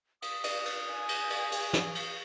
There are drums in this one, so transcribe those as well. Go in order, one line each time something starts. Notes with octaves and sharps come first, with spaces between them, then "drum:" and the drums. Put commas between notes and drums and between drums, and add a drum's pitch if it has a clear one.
D#6, drum: cymbal
drum: cymbal
drum: cymbal
G#5
drum: cymbal
drum: cymbal
drum: cymbal
drum: snare
drum: cymbal